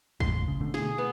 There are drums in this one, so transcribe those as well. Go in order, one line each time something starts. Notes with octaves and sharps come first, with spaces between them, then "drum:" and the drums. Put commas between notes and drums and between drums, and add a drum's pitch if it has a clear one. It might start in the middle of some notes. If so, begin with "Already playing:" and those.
E1 C#2 A2 C6, drum: kick G1
C#3
B2 D3 A3
G#4, drum: snare
B3